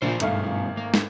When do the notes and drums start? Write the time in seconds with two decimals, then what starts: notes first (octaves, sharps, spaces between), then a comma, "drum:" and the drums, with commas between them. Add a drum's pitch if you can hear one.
0.02 A#1 A#2 A#3 D4 C5
0.20 G#1 G2 B2 A3 B3 F5, drum: hi-hat
0.77 A#3
0.94 drum: snare